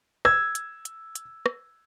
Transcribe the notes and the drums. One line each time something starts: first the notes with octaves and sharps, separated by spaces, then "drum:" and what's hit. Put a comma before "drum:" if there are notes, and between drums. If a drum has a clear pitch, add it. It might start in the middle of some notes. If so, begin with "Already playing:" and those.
E6 G#6, drum: rim click
drum: hi-hat
drum: hi-hat
drum: hi-hat
drum: rim click